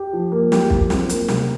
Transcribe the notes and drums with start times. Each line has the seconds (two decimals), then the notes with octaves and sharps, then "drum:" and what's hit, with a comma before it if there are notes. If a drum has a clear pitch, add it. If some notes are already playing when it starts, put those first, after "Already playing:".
Already playing: G4
0.13 F3
0.32 A#3
0.52 G4, drum: snare
0.70 F3, drum: kick
0.90 C4, drum: snare
1.09 A#3, drum: hi-hat
1.28 C3, drum: snare